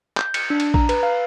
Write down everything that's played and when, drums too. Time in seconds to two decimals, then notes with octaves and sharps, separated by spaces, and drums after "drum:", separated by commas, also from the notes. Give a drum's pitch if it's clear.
0.17 G6, drum: clap
0.34 C#7, drum: cymbal
0.50 D4
0.60 drum: cymbal
0.74 A#5, drum: kick A#1
0.89 B4, drum: cymbal
1.03 F5